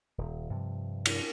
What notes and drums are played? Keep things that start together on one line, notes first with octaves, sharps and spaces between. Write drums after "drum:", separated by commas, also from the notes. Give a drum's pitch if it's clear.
D#1
G2 C3 E3 F3
drum: cymbal